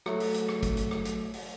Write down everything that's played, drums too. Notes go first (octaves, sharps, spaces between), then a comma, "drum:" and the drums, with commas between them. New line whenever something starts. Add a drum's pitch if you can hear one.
F#3 A3, drum: rim click
drum: open hi-hat
drum: hi-hat
drum: rim click
drum: kick, hi-hat
drum: hi-hat
drum: rim click
drum: hi-hat
drum: open hi-hat